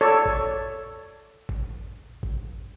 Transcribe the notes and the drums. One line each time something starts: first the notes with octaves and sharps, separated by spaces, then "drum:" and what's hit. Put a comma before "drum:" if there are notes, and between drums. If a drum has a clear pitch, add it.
A4 C#5 D5
drum: kick G#1
drum: kick G#1
drum: kick G#1